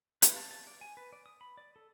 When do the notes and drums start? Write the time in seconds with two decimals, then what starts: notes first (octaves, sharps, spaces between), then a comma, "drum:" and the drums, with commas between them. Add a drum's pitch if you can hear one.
0.22 B4, drum: hi-hat
0.36 A5
0.51 A5
0.67 D5
0.81 G#5
0.97 B4
1.13 D5
1.26 D#6
1.41 B5
1.57 D5
1.76 A4